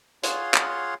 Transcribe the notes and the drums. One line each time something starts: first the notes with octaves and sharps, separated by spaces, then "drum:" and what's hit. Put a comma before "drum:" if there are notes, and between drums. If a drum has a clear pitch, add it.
F4 G#4 C#5 F5 F#5 C6, drum: hi-hat
drum: clap